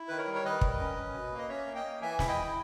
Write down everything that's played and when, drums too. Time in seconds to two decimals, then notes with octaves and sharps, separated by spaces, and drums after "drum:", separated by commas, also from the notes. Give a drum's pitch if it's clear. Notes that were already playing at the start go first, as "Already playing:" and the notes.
Already playing: E4
0.08 D#3 B4
0.18 A#4 C#5
0.27 G3
0.35 C#5
0.45 D#3 B4 D#5
0.61 D#3, drum: kick
0.80 C#4
0.97 C#4
1.14 B2
1.32 A#3
1.38 D#5
1.49 C#4 C#5 E5
1.66 A#3
1.75 D#5 G5
1.85 A#3
2.02 E3 E5 G#5
2.19 E4, drum: snare
2.28 D#5 G5
2.37 E4